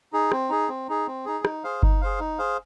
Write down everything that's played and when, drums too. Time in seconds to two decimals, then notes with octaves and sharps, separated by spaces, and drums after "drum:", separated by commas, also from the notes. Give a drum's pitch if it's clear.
0.13 D#4 G#4
0.32 C4, drum: rim click
0.50 D#4 G#4
0.69 C4
0.88 D#4 G#4
1.07 C4
1.26 D#4 G#4
1.45 D#4, drum: rim click
1.64 G#4 C5 F5
1.83 D#4, drum: kick G1
2.01 G#4 C5 F5
2.20 D#4
2.38 G#4 C5 F5